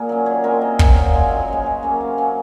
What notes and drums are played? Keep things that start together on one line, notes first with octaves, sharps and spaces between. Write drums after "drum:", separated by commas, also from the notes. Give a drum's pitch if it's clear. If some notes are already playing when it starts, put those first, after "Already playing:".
Already playing: A#2 A#3 G#4 A#4
F#3 C#4
D#3 G#4
G#3 C4 A#4
C3 D#5
F#3 C4, drum: kick
A#2 F5
G#3 C4 G#5
F#2
C#3 G#3
C#3
F#3 A#3 C#4
C3 F5
F#3 C#4